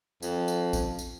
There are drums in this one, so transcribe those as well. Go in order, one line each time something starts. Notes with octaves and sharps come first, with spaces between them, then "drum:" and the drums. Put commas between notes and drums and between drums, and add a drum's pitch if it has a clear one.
F2, drum: tambourine
drum: tambourine
drum: kick, tambourine
drum: tambourine